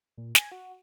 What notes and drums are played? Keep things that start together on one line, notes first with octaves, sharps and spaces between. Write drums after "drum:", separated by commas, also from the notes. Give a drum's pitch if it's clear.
A#2
G#5, drum: snare
F#4